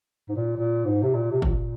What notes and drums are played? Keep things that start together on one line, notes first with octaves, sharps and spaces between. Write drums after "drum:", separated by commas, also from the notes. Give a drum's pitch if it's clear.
G#2
A#2
A#2
G#2
C3
A#2
C3
A#2, drum: kick G1